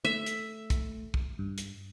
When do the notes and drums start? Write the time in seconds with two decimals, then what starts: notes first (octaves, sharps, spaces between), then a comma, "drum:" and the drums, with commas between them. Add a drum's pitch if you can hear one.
0.05 A3 E5
0.26 drum: hi-hat
0.70 drum: kick, hi-hat
1.14 drum: kick
1.39 G2
1.58 drum: hi-hat